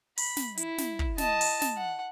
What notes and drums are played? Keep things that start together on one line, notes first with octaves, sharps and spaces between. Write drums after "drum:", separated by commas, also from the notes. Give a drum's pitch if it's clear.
B5, drum: open hi-hat
drum: snare
E4, drum: hi-hat
drum: snare
drum: kick
D#5 A5, drum: snare
drum: open hi-hat
drum: snare
F#5